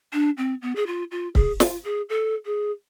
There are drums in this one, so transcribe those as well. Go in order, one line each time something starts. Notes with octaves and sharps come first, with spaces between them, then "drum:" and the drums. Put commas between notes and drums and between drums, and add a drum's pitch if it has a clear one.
D4
C4
B3
G#4
F4
F4
G#4, drum: kick C#1
F4, drum: snare
G#4
A4
G#4